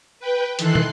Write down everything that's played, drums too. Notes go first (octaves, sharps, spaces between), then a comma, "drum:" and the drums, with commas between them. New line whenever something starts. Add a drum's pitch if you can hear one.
B4 G5
D#3 E3 A4 C6 F#6 C7, drum: hi-hat
drum: tom